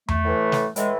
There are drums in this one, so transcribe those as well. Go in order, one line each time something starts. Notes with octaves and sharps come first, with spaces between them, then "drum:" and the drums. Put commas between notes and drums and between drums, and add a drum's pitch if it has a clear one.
A3, drum: tom E2
A2 E3
drum: snare
A2 E3 G#3, drum: hi-hat